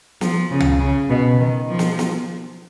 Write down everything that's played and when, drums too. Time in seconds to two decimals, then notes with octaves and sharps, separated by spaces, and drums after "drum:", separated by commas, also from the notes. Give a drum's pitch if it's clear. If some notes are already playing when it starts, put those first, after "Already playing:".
0.21 F3, drum: snare
0.51 C#3
0.60 drum: tom
0.80 C#3
1.10 B2
1.40 D#3
1.69 F3
1.79 drum: snare
1.99 drum: snare